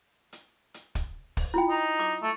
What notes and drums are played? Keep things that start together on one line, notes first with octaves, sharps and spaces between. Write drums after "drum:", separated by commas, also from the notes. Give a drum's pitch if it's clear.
drum: hi-hat
drum: hi-hat
drum: kick, hi-hat
drum: kick, open hi-hat
E4 F4 G5
D#4
D6
A3